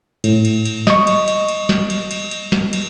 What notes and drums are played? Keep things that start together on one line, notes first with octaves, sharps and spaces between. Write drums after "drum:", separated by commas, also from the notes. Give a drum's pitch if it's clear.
A2, drum: cymbal
drum: cymbal
drum: cymbal
D#5 C#6, drum: snare
drum: cymbal
drum: cymbal
drum: cymbal
drum: snare
drum: cymbal
drum: cymbal
drum: cymbal
drum: snare
drum: cymbal